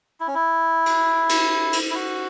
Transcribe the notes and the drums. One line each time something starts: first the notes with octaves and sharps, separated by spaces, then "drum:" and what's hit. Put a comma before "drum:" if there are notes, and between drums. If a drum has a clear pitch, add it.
E4
C#4
E4
drum: cymbal
drum: cymbal
drum: cymbal
E4
F#4